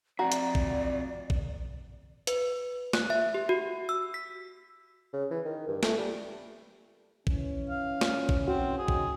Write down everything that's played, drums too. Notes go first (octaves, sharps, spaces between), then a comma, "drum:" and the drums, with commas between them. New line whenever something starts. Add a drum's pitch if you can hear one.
F3 C4 F#4 D5 E5 A#5
drum: hi-hat
drum: kick
drum: kick
B4, drum: hi-hat
F#6, drum: snare
E5
G4
F#4
E6
B6
C#3
E3
D#3
G2
A3, drum: snare
G3
E3 C#4, drum: kick
F5
drum: snare
drum: kick
C4 F#4
C#4 D#4 G#4
drum: kick